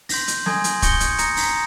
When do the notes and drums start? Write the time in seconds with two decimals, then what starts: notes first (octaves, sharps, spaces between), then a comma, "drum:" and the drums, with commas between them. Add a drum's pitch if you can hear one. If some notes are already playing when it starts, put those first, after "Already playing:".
0.09 C6 G6 A#6, drum: open hi-hat
0.28 drum: hi-hat
0.46 G#5 C6 D#6 G#6, drum: snare
0.64 drum: hi-hat
0.82 C#6 G6 A#6 C#7 G7, drum: kick, hi-hat
1.00 drum: hi-hat
1.18 A#5 D#6 A#6 C#7, drum: hi-hat
1.37 drum: open hi-hat